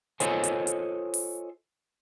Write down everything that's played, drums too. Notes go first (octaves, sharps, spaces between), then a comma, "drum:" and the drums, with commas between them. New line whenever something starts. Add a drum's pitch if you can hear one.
F4 A4 C5 C#5 D#5 G#5, drum: hi-hat
drum: hi-hat
drum: hi-hat
drum: open hi-hat